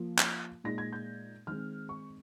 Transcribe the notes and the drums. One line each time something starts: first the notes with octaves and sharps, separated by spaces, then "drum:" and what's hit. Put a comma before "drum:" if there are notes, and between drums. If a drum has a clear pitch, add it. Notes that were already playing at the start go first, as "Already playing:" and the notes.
Already playing: F3 A#3 F4
drum: clap
A#2 G#3 D#4 A#6
G#6
G6
D#3 G#3 C4 F6
C#6